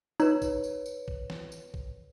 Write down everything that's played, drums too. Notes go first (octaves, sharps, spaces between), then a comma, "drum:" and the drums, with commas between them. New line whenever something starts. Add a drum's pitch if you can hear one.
D#4 B4 C#5, drum: tambourine
drum: kick A1, tambourine
drum: tambourine
drum: tambourine
drum: kick A1
drum: snare
drum: tambourine
drum: kick A1